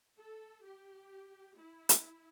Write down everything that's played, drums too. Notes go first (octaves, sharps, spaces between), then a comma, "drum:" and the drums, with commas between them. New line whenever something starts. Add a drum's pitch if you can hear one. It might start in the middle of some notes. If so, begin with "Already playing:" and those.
A4
G4
E4
drum: hi-hat